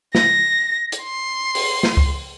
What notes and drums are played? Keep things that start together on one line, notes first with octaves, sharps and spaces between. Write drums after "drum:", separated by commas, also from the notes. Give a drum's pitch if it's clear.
A#6, drum: snare
drum: hi-hat
C6
drum: open hi-hat
drum: snare
drum: kick C#2